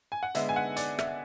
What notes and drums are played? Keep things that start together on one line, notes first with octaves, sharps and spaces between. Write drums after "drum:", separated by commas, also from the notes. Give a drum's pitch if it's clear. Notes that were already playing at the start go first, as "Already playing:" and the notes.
G#5
F#5
D3 G#3 B3 E5, drum: hi-hat
G#5
F#5
D5, drum: hi-hat
E5, drum: rim click